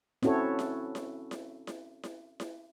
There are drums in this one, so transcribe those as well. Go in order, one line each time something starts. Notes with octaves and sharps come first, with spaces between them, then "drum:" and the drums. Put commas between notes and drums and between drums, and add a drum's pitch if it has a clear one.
C4 C#4 E4 F#4 A4 C#5, drum: snare E4
drum: snare E4
drum: snare E4
drum: snare E4
drum: snare E4
drum: snare E4
drum: snare E4